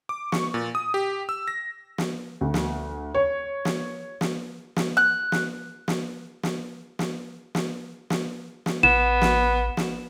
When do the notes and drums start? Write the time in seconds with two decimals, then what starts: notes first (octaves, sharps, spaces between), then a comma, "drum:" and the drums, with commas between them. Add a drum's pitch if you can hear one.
0.09 D6
0.32 C#6, drum: snare
0.54 A#2
0.75 D#6
0.94 G4
1.29 E6
1.48 A#6
1.98 drum: snare
2.41 D2
2.54 drum: snare
3.15 C#5
3.65 drum: snare
4.21 drum: snare
4.76 drum: snare
4.97 F#6
5.32 drum: snare
5.88 drum: snare
6.43 drum: snare
6.99 drum: snare
7.55 drum: snare
8.10 drum: snare
8.66 drum: snare
8.83 A1 B3 E7
9.22 drum: snare
9.77 drum: snare